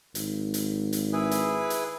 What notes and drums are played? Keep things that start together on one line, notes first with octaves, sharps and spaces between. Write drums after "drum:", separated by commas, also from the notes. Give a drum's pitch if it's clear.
G#1, drum: hi-hat
drum: hi-hat
drum: hi-hat
E4 G#4 B4
drum: hi-hat
drum: hi-hat